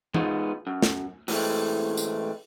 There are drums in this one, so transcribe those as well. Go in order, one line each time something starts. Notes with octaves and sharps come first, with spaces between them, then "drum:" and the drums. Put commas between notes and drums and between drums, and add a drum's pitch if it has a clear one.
G#3 B3 D#4 F4, drum: tom E3
F#2
drum: snare
A2 E3 G#3 A3 C4, drum: open hi-hat
drum: tambourine